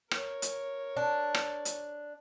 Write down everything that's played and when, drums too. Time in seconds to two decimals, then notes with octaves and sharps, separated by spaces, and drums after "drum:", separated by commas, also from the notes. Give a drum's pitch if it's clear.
0.11 A#4 C#5, drum: rim click
0.42 drum: hi-hat
0.97 D4
1.34 drum: rim click
1.65 drum: hi-hat